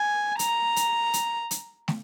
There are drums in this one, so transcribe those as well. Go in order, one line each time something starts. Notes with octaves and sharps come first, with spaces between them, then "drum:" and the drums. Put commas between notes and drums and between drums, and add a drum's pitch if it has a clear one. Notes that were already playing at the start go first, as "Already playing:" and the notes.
Already playing: G#5
A#5, drum: hi-hat
drum: hi-hat
drum: hi-hat
drum: hi-hat
drum: snare